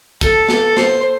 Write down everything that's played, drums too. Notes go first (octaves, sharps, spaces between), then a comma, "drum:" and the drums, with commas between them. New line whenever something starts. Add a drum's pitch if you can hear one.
A4, drum: kick, hi-hat
A4, drum: snare
C5, drum: snare